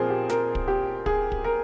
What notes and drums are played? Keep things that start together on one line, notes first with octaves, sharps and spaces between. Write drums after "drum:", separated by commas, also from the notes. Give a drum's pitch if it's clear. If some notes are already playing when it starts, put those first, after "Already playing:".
Already playing: A#2 F3 C4 G#4 A#4 C5
G4
A#4, drum: snare
drum: kick
G4
G#4, drum: kick
drum: kick
A#4